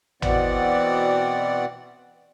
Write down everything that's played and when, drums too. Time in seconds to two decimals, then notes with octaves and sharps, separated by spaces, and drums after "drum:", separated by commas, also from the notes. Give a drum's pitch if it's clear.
0.22 B2 E3 B3 C4 D5 F#5, drum: tom